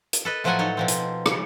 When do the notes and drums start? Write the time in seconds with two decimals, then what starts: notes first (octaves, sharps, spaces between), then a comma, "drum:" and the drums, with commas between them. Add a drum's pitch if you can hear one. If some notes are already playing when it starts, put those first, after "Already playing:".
0.13 drum: hi-hat
0.25 A4 B4 D#5
0.44 A2 F3 F#3 A4 F#5 G#5
0.59 D#4 A4 C#5
0.77 B2 F3 C4
0.88 drum: hi-hat
1.26 C#3, drum: rim click